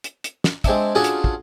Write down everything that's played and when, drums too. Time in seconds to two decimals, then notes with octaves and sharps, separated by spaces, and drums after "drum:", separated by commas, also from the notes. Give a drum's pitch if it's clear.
0.04 drum: hi-hat
0.24 drum: hi-hat
0.44 drum: snare
0.64 G#3 C4 D4 E5, drum: kick, hi-hat
0.95 C#4 D4 F4 F#4 G#4 A4
1.04 drum: hi-hat
1.24 drum: kick